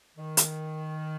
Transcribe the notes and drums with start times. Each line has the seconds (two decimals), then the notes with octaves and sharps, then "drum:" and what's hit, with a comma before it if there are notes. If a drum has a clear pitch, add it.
0.17 D#3
0.37 drum: hi-hat